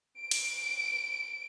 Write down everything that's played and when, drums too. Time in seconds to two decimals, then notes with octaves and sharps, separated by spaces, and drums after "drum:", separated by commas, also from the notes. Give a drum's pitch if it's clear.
0.20 D7
0.31 drum: cymbal